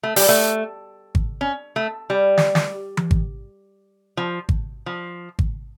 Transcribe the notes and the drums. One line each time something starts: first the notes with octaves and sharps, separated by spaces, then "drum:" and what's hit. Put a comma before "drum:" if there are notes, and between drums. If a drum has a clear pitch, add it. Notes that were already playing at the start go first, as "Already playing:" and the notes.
A3
G3, drum: open hi-hat
A3
drum: kick G#1
C#4
A3
G3
drum: snare
drum: snare
drum: tom E3
drum: kick G#1
F3
drum: kick G#1
F3
drum: kick G#1